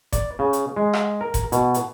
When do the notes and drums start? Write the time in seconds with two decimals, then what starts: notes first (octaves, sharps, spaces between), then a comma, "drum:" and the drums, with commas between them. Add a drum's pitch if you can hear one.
0.13 D5, drum: kick F#1, hi-hat
0.39 C#3
0.53 drum: hi-hat
0.76 G#3
0.93 drum: rim click
1.21 A#4
1.34 drum: kick F#1, hi-hat
1.52 B2, drum: hi-hat
1.74 drum: hi-hat